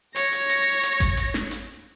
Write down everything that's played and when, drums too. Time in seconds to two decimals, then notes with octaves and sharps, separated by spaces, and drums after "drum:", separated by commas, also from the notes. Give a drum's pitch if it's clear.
0.16 C#5 A#6, drum: hi-hat
0.33 drum: hi-hat
0.49 drum: hi-hat
0.83 drum: hi-hat
1.00 drum: kick G#1, hi-hat
1.17 drum: hi-hat
1.34 drum: snare
1.51 drum: hi-hat